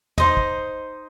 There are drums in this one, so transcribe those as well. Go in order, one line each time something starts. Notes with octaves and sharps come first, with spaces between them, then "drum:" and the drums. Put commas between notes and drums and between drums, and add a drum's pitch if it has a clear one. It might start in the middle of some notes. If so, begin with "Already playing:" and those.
D#4 C5 D#5, drum: tom
drum: kick